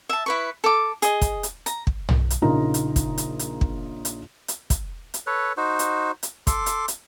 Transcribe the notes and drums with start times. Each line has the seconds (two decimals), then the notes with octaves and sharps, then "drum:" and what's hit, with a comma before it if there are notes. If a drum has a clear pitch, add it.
0.09 E5 A5
0.26 E4 B4 C#6
0.64 A4 D6
1.02 G#4 D#5, drum: hi-hat
1.21 drum: kick, hi-hat
1.43 drum: hi-hat
1.66 A#5, drum: hi-hat
1.87 drum: kick
2.09 drum: tom
2.30 drum: hi-hat
2.42 A#1 C#3 D#4 F4 A#4 A#5
2.74 drum: hi-hat
2.96 drum: kick, hi-hat
3.18 drum: hi-hat
3.39 drum: hi-hat
3.61 drum: kick
4.05 drum: hi-hat
4.48 drum: hi-hat
4.70 drum: kick, hi-hat
5.14 drum: hi-hat
5.27 A4 B4 C#5
5.57 D#4 F#4 C5
5.79 drum: hi-hat
6.23 drum: hi-hat
6.47 A4 C6 D6, drum: kick, hi-hat
6.66 drum: hi-hat
6.88 drum: hi-hat